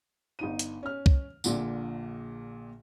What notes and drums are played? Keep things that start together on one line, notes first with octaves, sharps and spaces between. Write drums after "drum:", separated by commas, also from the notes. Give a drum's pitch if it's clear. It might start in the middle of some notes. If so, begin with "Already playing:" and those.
G1 D#4 D#7
drum: hi-hat
C#4 F6
drum: kick C2
A#1 A#2 D3, drum: tambourine